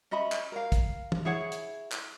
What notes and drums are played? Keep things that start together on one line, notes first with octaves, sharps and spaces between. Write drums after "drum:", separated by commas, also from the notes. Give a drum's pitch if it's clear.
C#4 D#5 E5 B5
drum: clap
A#4 F5
drum: kick, hi-hat
drum: tom
E4 G#4 C#5 F#5
drum: hi-hat
drum: clap